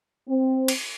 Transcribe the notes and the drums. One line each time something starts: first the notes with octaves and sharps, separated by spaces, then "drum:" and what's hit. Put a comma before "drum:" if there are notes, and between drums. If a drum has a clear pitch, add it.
C4
drum: cymbal